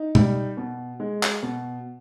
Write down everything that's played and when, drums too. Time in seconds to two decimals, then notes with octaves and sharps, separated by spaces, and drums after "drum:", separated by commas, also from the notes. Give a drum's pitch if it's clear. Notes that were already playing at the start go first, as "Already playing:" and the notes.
Already playing: D#4
0.15 G3, drum: tom B2
0.57 B2
1.00 G#3
1.23 drum: clap
1.43 B2